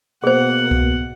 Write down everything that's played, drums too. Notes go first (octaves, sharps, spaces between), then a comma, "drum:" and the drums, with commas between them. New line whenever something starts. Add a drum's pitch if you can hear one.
B2 A#3 G#4 C5 F#5
drum: kick C2